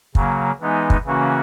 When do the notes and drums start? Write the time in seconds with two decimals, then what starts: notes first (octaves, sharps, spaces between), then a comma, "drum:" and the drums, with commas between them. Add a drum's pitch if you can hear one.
0.15 C#3 F#3 A#3, drum: kick
0.60 E3 G#3 B3 D#4
0.90 drum: kick
1.05 C#3 E3 A#3 C#4 F#4